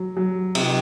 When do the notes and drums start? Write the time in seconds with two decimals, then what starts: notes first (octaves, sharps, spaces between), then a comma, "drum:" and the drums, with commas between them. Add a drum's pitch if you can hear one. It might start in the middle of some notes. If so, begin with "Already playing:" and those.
Already playing: F#3
0.17 F#3
0.55 C3, drum: cymbal